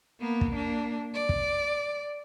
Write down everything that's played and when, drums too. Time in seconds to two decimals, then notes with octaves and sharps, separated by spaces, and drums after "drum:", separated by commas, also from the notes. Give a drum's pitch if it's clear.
0.20 A#3 B3
0.41 drum: kick
0.56 A#3 D4
1.14 D5
1.29 drum: kick